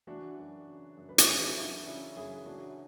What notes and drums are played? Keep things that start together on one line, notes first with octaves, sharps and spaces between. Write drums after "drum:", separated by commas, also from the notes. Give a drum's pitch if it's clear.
E3 D4 F#4
F#2
C#3
F#2
B4
A4, drum: hi-hat
E3 E4 G#4
D4 F#4
F#2 E4
C#3 E4
F#2 E4 G#4
E3 D4 F#4